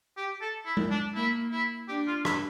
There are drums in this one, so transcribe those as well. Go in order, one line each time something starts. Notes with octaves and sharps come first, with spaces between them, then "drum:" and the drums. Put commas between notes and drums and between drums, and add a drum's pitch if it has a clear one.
G4
A4
E4
drum: tom G#3
D4
A#3 E4
E4
D4 G4
F4
E4, drum: rim click